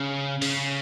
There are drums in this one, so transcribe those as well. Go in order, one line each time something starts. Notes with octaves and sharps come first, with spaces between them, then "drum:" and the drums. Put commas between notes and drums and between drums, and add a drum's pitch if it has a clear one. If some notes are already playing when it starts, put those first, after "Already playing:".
Already playing: C#3
C#3, drum: open hi-hat